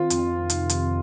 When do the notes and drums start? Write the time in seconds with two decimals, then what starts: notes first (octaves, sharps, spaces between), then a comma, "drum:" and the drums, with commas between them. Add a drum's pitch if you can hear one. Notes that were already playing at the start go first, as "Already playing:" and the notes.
Already playing: D#3 C4 F4
0.10 F2, drum: hi-hat
0.50 C3, drum: hi-hat
0.69 drum: hi-hat